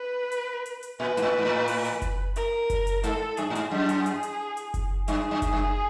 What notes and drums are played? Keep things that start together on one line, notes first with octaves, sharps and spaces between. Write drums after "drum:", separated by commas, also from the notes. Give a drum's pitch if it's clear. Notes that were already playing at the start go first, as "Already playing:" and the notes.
Already playing: B4
drum: hi-hat
drum: hi-hat
drum: hi-hat
A#2 B4
G#2, drum: hi-hat
A2
G#2
A2
drum: open hi-hat
drum: hi-hat
drum: kick F#1, hi-hat
A#4, drum: hi-hat
drum: kick F#1, hi-hat
drum: hi-hat
G#2 A4, drum: hi-hat
G2 G#4, drum: hi-hat
A2
G#2, drum: hi-hat
F#2 G#4
drum: hi-hat
drum: hi-hat
drum: hi-hat
drum: hi-hat
drum: kick F#1, hi-hat
G2 G#4, drum: hi-hat
G2
drum: kick F#1, hi-hat
G2